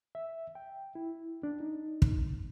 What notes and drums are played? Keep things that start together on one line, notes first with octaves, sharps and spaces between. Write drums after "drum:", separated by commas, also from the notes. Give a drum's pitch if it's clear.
E5
G5
E4
D4
D#4
drum: kick